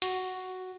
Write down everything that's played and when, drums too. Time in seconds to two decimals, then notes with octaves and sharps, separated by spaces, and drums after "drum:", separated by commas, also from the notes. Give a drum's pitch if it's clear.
0.02 F#4, drum: hi-hat